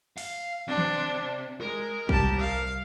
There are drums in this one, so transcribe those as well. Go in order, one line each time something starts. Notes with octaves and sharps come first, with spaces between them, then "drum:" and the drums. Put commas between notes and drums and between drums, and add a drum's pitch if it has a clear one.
F5, drum: open hi-hat
C3 D4
drum: tom D#3
G#3 A#4
C2 G4 A5, drum: kick
F5